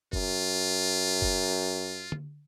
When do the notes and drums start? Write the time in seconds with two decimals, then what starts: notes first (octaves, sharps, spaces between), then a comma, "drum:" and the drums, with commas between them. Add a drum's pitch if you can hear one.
0.13 F#2 F4, drum: kick F#1
1.22 drum: kick F#1
2.12 drum: tom D3